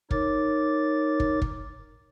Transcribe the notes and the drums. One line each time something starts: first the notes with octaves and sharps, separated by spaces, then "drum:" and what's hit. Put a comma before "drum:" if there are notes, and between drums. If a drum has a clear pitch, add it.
D#4 A#4 C#5 D6 A6, drum: kick
drum: kick
drum: kick